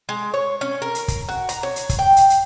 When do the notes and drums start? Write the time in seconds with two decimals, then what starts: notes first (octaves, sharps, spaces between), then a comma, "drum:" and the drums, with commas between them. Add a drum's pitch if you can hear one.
0.09 G#3
0.34 C#5
0.61 C#4
0.82 A#4
0.95 drum: hi-hat
1.08 drum: kick, hi-hat
1.29 F#4
1.49 A#5, drum: hi-hat
1.63 C#5
1.76 drum: hi-hat
1.89 drum: kick, hi-hat
1.99 G5
2.16 drum: hi-hat
2.30 drum: hi-hat